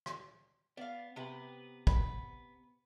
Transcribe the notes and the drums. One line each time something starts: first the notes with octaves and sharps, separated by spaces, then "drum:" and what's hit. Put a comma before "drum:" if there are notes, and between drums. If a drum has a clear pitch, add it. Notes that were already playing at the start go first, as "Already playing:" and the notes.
drum: rim click
B3 D5 F5
C3 B3 G4 B4
B3 B5, drum: kick